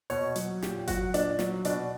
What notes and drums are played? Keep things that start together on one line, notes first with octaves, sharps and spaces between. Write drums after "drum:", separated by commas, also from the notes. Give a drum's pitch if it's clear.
B2 C#5, drum: open hi-hat
F#3, drum: hi-hat
A#2 G4, drum: snare
F#3 F#4, drum: kick G1, hi-hat
A#2 D4, drum: hi-hat
F#3, drum: snare
B2 D4, drum: hi-hat